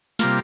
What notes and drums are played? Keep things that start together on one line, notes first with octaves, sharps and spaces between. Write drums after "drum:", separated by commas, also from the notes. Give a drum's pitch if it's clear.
C3 G3 A#3 F4, drum: snare